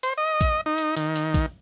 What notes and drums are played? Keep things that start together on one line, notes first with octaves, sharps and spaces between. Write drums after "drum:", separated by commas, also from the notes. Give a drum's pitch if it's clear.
C5, drum: hi-hat
D#5
drum: kick A#1, hi-hat
D#4
drum: hi-hat
D#3, drum: hi-hat
drum: hi-hat
drum: kick A#1, hi-hat